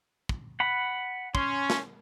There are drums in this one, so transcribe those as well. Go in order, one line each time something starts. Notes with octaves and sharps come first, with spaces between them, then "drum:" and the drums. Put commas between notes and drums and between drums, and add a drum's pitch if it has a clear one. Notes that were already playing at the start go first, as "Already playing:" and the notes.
drum: kick
F#5 B5
C#4 C6, drum: kick
drum: snare